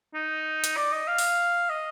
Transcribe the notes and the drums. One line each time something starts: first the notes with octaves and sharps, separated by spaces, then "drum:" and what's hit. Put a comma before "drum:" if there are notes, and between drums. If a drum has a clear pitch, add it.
D#4
drum: hi-hat
D5
D#5
F5
drum: open hi-hat
D#5